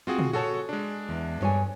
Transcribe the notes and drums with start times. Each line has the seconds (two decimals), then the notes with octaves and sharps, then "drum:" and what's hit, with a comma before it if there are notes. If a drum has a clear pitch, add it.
0.07 C4 F4 F#4 G#4
0.19 drum: tom
0.33 F#4 G#4 A4 C#5 A5
0.69 G#3 D4
1.09 E2
1.41 G2 C#5 G#5